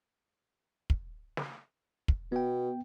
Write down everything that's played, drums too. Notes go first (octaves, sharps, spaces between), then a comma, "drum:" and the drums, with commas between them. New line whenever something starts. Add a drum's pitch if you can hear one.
drum: kick
drum: snare
drum: kick
B2 B3 G5